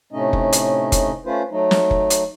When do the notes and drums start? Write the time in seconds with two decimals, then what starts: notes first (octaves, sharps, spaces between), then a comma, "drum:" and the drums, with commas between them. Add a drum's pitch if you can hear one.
0.12 A2 C3 A3 C#4 D#4 D#5
0.33 drum: kick
0.53 drum: hi-hat
0.92 drum: kick, hi-hat
1.26 A3 C#4 F4 B4 C5
1.51 F#3 A3 D#4
1.71 drum: snare
1.91 drum: kick
2.10 drum: hi-hat